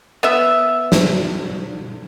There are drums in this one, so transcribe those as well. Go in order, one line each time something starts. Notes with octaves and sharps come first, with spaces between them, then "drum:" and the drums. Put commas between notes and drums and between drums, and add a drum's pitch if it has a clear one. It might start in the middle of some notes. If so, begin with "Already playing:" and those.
B3 E5
drum: snare